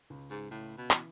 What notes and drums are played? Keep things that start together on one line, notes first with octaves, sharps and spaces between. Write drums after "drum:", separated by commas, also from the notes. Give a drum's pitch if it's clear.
C#2
G#2
A2 C#3
B2
E3, drum: clap